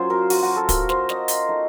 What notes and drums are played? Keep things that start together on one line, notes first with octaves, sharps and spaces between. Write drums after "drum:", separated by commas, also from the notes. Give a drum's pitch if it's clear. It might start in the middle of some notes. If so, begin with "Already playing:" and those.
Already playing: F#3 A#3 C#4 F4 C5
A#4
F#4, drum: open hi-hat
F#4
A4
A#4, drum: kick, hi-hat
C5, drum: snare
D#5, drum: snare
drum: hi-hat
A3 D#4